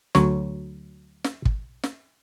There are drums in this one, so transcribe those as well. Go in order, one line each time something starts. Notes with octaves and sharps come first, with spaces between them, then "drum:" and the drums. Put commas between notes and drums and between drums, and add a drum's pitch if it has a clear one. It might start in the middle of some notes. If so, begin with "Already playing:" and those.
D2 F#3 C#5, drum: snare
drum: snare
drum: kick
drum: snare